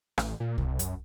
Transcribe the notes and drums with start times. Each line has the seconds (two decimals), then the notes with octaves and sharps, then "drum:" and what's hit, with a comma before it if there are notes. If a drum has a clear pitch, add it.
0.18 A1, drum: rim click
0.40 A#2
0.58 C2, drum: kick C2
0.79 F#2, drum: hi-hat